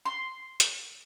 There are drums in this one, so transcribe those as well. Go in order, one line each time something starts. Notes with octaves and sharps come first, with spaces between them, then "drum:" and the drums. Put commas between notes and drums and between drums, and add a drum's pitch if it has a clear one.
C6
drum: hi-hat